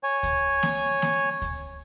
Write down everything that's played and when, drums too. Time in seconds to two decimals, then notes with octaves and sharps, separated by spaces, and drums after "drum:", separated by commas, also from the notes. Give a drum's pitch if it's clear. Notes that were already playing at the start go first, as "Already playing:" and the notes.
0.03 C#5 G#5
0.23 drum: kick D2, hi-hat
0.63 drum: snare A#3
1.02 drum: snare A#3
1.42 drum: kick D2, hi-hat